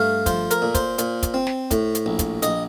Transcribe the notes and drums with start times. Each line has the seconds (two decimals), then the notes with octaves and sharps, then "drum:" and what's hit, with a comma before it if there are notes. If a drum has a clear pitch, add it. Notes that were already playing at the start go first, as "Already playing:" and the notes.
Already playing: G2 A3 F5
0.26 F3 C5, drum: kick, hi-hat
0.51 A#4, drum: hi-hat
0.62 A#2
0.75 C5, drum: kick, hi-hat
0.98 A#2, drum: hi-hat
1.23 drum: kick, hi-hat
1.34 C4
1.47 drum: snare
1.71 A2, drum: kick, hi-hat
1.95 drum: hi-hat
2.06 A#1
2.19 drum: kick, hi-hat
2.42 A#1 D#5, drum: hi-hat